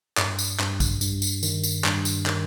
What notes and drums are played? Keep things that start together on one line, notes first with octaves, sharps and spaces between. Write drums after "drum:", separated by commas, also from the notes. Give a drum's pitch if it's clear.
G2, drum: clap
drum: tambourine
G2, drum: clap
drum: kick, tambourine
G2, drum: tambourine
drum: tambourine
D#3, drum: tambourine
drum: tambourine
G2, drum: clap
drum: tambourine
D#3, drum: clap